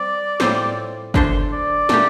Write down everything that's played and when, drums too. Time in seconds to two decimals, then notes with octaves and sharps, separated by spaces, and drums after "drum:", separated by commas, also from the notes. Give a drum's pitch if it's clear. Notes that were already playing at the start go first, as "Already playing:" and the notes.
Already playing: G3 C4 D5
0.40 A2 G3 C4 F4 C5, drum: snare
1.14 D3 A3 D4 A4 C5, drum: kick
1.52 D5
1.89 A#2 A3 D4 G4, drum: snare